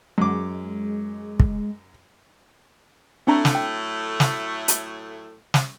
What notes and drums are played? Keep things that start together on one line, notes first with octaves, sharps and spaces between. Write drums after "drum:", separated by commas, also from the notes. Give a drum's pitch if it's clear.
F#2 G#3 D6
drum: kick
A2 F#3 A3 C4 D4 A#5
drum: snare
G5
drum: snare
drum: hi-hat
drum: snare